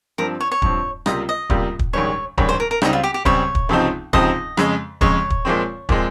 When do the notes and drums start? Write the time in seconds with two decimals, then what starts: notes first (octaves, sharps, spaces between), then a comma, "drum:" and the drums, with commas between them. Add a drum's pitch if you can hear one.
0.18 G2 F3 C4 A#4
0.40 C#5
0.52 C#5
0.62 G2 F3 C4, drum: kick
1.06 C#2 C3 G3 A#3 F4 D#5, drum: rim click
1.29 D#5
1.50 C#2 C3 G3 A#3 F4, drum: kick
1.79 drum: kick
1.93 A#1 G#2 D#3 G3 C#4 C#5
2.38 A#1 G#2 D#3 G3 C#4, drum: kick
2.49 C5
2.60 A#4
2.71 A#4
2.82 C#2 C#3 G3 C4 D#4, drum: rim click
2.93 F4
3.03 G4
3.14 G4
3.25 C#2 C#3 G3 C4 C#5, drum: kick
3.55 drum: kick
3.69 C#2 C3 F3 C4 D#4
4.13 C#2 C3 F3 C4 D#4 D#5, drum: kick
4.57 F2 C#3 G#3, drum: rim click
5.01 F2 C#3 G#3 C#5, drum: kick
5.30 drum: kick
5.45 A#2 F3 G#3 C4
5.89 A#2 F3 G#3 C4, drum: kick